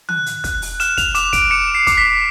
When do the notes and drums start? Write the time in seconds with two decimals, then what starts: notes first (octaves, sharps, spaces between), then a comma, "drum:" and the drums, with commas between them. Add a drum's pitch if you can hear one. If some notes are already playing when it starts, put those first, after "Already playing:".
0.09 F#6, drum: tom D#3
0.26 drum: hi-hat
0.44 F#6, drum: kick, hi-hat
0.62 drum: open hi-hat
0.80 F6 E7, drum: hi-hat
0.97 F7, drum: kick, hi-hat
1.15 D6 E7, drum: hi-hat
1.33 D7, drum: kick, hi-hat
1.50 D6 C#7
1.75 C7
1.87 D6, drum: kick, hi-hat
1.98 B6